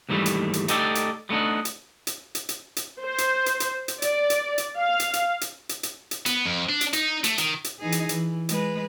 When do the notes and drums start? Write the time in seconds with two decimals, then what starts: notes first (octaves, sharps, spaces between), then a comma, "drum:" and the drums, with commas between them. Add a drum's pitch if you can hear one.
0.09 D#2 G#2 E3 G3 A3
0.26 drum: hi-hat
0.53 drum: hi-hat
0.68 A3 D#4 G4 A4 D5, drum: hi-hat
0.95 drum: hi-hat
1.29 G3 A3 B3 D4 D#4
1.65 drum: hi-hat
2.07 drum: hi-hat
2.35 drum: hi-hat
2.49 drum: hi-hat
2.77 drum: hi-hat
3.01 C5
3.18 drum: hi-hat
3.46 drum: hi-hat
3.60 drum: hi-hat
3.88 drum: hi-hat
4.02 D5, drum: hi-hat
4.30 drum: hi-hat
4.58 drum: hi-hat
4.77 F5
5.00 drum: hi-hat
5.14 drum: hi-hat
5.41 drum: hi-hat
5.69 drum: hi-hat
5.83 drum: hi-hat
6.11 drum: hi-hat
6.26 B3, drum: hi-hat
6.46 F2
6.69 D4
6.81 drum: hi-hat
6.93 D#4, drum: hi-hat
7.24 A3, drum: hi-hat
7.38 D#3, drum: hi-hat
7.64 drum: hi-hat
7.79 E3 D#4 G#4
7.92 drum: hi-hat
8.09 E3, drum: hi-hat
8.49 G#3 B4, drum: hi-hat